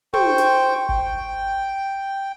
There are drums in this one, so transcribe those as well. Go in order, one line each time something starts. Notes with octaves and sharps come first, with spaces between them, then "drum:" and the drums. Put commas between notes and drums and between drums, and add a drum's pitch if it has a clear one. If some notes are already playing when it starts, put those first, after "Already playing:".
C5 G5 C#6, drum: tom
drum: hi-hat
G5, drum: kick G1